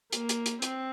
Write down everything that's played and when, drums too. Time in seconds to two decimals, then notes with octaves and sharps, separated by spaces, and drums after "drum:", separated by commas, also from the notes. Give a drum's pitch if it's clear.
0.13 A#3, drum: hi-hat
0.29 drum: hi-hat
0.46 drum: hi-hat
0.62 C4, drum: hi-hat